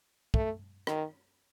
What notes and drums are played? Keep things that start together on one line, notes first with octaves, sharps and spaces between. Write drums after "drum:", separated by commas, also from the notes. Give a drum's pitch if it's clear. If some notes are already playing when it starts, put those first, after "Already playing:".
A3, drum: kick
D#3, drum: rim click